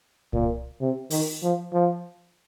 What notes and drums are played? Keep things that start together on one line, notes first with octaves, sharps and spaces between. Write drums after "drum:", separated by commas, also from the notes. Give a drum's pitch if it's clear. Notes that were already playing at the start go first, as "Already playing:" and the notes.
A#2, drum: kick C2
C3
D#3, drum: open hi-hat
F3
F3